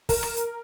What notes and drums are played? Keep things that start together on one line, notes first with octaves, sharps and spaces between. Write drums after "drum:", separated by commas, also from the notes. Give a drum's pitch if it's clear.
A#4, drum: kick, open hi-hat
drum: rim click
drum: hi-hat